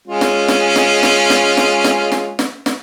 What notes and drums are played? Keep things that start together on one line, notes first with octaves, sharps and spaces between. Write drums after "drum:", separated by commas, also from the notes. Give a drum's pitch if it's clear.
G#3 C#4 F4
drum: snare
drum: snare
drum: snare
drum: snare
drum: snare
drum: snare
drum: snare
drum: snare
drum: snare
drum: snare